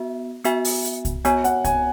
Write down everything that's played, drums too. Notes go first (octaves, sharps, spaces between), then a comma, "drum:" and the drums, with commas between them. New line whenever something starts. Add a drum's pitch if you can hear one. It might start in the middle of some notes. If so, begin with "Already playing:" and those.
Already playing: B3 F#4 E5
B3 F#4 E5 G#5, drum: hi-hat
drum: open hi-hat
drum: hi-hat
drum: kick C2, hi-hat
B3 F#4 C#5 G#5, drum: hi-hat
F#5, drum: hi-hat
G#5, drum: kick C2, hi-hat